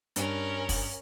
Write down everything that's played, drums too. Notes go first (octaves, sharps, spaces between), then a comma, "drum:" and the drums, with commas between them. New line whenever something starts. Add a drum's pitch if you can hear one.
G2 C#4 A#4, drum: hi-hat
drum: kick, open hi-hat